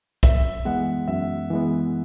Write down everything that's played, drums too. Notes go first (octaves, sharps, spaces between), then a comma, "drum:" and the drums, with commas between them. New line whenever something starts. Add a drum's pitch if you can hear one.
F#2 E5, drum: kick B1
E3 G#3 B3 F#5
F#2 E5
E3 G#3 B3